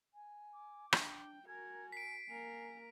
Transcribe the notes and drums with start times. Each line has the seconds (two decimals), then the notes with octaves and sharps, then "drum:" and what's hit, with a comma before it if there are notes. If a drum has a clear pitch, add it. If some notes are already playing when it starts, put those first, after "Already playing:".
0.14 G#5
0.53 D6
0.93 D4 G5, drum: rim click
1.48 F#4 A#4 G#5 G#6
1.92 B6 C7 D7
2.29 A#3 A#4 G#5